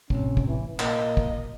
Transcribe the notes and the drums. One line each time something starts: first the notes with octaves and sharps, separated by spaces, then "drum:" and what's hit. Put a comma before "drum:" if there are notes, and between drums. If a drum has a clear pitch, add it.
A2 C3 C#4, drum: kick
drum: kick
E3
A#2 A#3 D#5, drum: clap
drum: kick